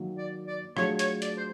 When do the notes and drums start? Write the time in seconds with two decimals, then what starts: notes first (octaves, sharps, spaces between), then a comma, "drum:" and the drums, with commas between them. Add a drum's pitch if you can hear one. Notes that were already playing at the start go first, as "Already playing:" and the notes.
Already playing: D#3 F#3 A#3
0.18 D5
0.47 D5
0.77 F#3 A3 D4 F4 G#4 C#5, drum: rim click
0.99 C#5, drum: hi-hat
1.22 D5, drum: hi-hat
1.38 C5